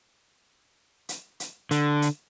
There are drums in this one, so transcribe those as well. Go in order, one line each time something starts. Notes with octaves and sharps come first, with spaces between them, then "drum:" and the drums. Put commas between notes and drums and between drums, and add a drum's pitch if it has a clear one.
drum: hi-hat
drum: hi-hat
D3, drum: hi-hat
drum: hi-hat